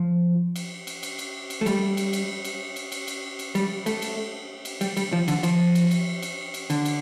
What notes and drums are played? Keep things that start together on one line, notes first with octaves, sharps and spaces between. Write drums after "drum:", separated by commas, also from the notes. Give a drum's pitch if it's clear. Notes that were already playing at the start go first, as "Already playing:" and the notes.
Already playing: F3
drum: cymbal
drum: cymbal
drum: cymbal
drum: cymbal
drum: cymbal
A3
G3, drum: cymbal
drum: cymbal
drum: cymbal
drum: cymbal
drum: cymbal
drum: cymbal
drum: cymbal
drum: cymbal
G3, drum: cymbal
A3, drum: cymbal
drum: cymbal
drum: cymbal
G3, drum: cymbal
G3, drum: cymbal
F3
D3, drum: cymbal
F3, drum: cymbal
drum: cymbal
drum: cymbal
drum: cymbal
drum: cymbal
D3, drum: cymbal
drum: cymbal